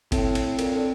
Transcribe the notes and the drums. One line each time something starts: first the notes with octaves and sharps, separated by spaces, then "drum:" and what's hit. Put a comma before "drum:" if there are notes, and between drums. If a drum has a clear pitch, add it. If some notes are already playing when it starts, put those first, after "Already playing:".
A2 C4, drum: kick G1, cymbal
drum: cymbal
A#2, drum: cymbal
D3